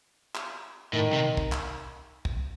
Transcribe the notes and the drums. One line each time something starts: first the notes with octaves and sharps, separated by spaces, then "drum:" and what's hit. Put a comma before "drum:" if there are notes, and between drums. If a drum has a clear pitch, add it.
drum: clap
A2 D#3
C3
drum: kick
drum: clap
drum: kick